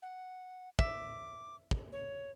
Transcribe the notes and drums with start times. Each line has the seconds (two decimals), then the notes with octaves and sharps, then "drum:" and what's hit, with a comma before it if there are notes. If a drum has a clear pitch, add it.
0.02 F#5
0.79 E5 D6, drum: kick
1.71 drum: kick
1.92 C#5